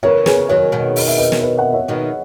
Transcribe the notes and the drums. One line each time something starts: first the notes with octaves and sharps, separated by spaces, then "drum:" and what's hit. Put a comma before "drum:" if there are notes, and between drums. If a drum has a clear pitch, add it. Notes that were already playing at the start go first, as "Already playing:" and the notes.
C#3 E3 A#4 C#5
G#4 B4, drum: snare
D#3 F#3 A#4 C#5
B2 D#3
D#5, drum: open hi-hat
E5
B4 D#5
drum: snare
B4 D#5
D#5 F#5
C#5 E5
B2 D#3